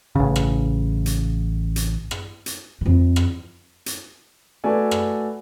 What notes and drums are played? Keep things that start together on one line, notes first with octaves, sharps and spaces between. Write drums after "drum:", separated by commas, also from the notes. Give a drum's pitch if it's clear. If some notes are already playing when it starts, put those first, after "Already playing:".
A1 C#3
drum: rim click
drum: hi-hat
drum: hi-hat
drum: rim click
drum: hi-hat
F2 D#3
drum: rim click
drum: hi-hat
A3 F#4 A4 B4 D5 G#5
drum: rim click